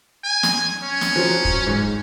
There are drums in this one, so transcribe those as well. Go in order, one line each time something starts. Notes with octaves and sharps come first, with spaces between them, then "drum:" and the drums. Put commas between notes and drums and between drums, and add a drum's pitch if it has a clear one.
G#5
drum: snare
C#4
drum: snare
F3 F#3
drum: kick
G#2